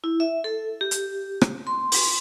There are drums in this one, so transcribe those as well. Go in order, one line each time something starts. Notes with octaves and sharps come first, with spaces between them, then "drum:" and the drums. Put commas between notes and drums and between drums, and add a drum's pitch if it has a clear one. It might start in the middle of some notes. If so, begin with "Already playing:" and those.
E4
E5
A4
G4
drum: hi-hat
drum: rim click
C6
drum: open hi-hat